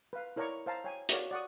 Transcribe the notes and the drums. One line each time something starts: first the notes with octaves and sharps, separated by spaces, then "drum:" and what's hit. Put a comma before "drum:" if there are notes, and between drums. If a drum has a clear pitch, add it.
B4 F5
E4 A#4 C#5 D5 A#5 C#6
C5 F5 A5 A#5
C#5 G5 G#5
F#4 A#4 C#5 D5 F5, drum: hi-hat
D5 F#5 C#6 D#6